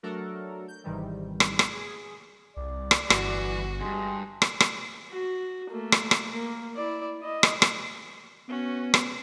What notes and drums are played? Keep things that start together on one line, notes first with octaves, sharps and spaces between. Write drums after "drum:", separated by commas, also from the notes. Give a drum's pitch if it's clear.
F#3 A3 D4 F#4 A4 A#4
G6
G#1 G#2 C3 D#3 E3 G3
drum: rim click
drum: rim click
G#4
C2 D5
drum: rim click
G1 E3 F#4, drum: rim click
E2 G2 G#3
drum: rim click
drum: rim click
F#4
A3 A#3
drum: rim click
drum: rim click
A#3
E4 D5
E4 D#5
drum: rim click
drum: rim click
B3 C#4 F#4
drum: rim click